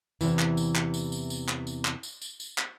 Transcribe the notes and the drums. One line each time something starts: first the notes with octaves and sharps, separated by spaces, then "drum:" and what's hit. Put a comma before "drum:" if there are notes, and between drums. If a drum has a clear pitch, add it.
E2 A2 C3 E3, drum: tambourine
drum: clap
drum: tambourine
drum: clap
drum: tambourine
drum: tambourine
drum: tambourine
drum: clap
drum: tambourine
drum: clap
drum: tambourine
drum: tambourine
drum: tambourine
drum: clap